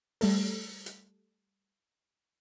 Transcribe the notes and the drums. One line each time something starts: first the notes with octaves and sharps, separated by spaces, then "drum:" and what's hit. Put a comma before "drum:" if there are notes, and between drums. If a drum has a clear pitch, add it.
G3 A3 A4, drum: open hi-hat
drum: hi-hat